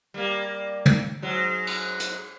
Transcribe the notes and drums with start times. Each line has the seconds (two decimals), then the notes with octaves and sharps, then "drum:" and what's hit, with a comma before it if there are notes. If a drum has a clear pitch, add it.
0.14 G3 A#3
0.86 drum: tom
1.22 G#2 F#3
1.67 drum: cymbal
2.00 drum: hi-hat